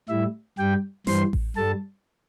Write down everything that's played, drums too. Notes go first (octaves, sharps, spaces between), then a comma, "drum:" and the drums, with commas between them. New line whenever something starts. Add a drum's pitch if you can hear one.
A2 G3 E4 E5
G2 G3 G4 G5
G2 E3 G3 C5 C6, drum: snare
drum: kick A1
G2 G3 A4 A5